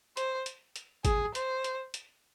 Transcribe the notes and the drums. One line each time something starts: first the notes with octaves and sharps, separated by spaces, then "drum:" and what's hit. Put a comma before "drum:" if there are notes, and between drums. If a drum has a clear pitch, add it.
C5, drum: hi-hat
drum: hi-hat
drum: hi-hat
G#4, drum: kick G#1, hi-hat
C5, drum: hi-hat
drum: hi-hat
drum: hi-hat